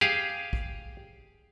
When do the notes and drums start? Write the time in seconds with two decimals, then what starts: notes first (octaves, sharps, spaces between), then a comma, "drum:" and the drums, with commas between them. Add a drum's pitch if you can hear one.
0.01 G4 G#4 F5, drum: tom
0.53 drum: kick